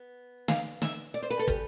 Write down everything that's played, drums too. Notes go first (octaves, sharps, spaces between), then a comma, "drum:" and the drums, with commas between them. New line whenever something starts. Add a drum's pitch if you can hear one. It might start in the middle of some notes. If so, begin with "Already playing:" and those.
Already playing: B3
F5, drum: snare
E5, drum: snare
D5
C5
B4
A4
G4, drum: kick